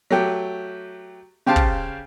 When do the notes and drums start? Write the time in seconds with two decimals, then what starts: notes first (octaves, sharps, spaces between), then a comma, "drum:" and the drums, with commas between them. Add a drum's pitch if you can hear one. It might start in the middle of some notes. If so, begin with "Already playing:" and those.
0.11 F#3 A3 G4
1.46 C#3 G4 C5 F5 A5
1.56 drum: kick